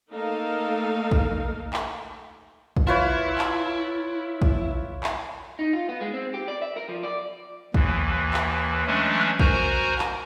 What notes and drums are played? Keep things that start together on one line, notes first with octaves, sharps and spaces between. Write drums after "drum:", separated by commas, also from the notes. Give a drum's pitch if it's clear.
A3 A#3 D#4 A4 A#4 F5
drum: kick
drum: clap
drum: kick
E4 F4 B4 C#5
drum: clap
drum: kick
drum: clap
D#4
F4
B3
G#3
C4
G4
D5
E5
A#4
F3
D5
D#2 E3, drum: kick
drum: clap
E3 F#3 G#3 A3 C#4 D4
F#4 A#4 C5 G#5 A#5, drum: kick
drum: clap